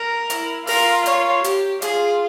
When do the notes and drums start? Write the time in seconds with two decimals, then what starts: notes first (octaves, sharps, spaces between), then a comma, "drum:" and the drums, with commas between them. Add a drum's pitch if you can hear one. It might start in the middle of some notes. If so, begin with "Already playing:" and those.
Already playing: A#4
0.30 E4, drum: hi-hat
0.67 F4 A#4, drum: open hi-hat
1.06 C#5, drum: hi-hat
1.44 G4, drum: hi-hat
1.82 F4 G#4, drum: hi-hat